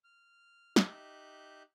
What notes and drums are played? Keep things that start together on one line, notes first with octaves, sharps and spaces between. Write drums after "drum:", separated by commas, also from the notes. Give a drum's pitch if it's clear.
F6
D#4 G4 E5 F#6 G6, drum: snare